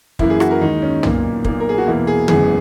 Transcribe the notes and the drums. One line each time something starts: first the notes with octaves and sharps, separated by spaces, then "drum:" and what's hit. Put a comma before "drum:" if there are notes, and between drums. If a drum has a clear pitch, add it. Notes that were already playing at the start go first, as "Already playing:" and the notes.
F#2 E3 A#3 E4, drum: kick
G#4
F#4, drum: rim click
A#4
D#2 D#3 G#3 D#4
C#4
B1 A#2 A#3, drum: tom
B1 A#2 A#3, drum: kick
A#4
G#4
F#4
E2 B2 A#3 E4
G#4
F#1 F#2 E3 G#3 B3 G#4, drum: tom D3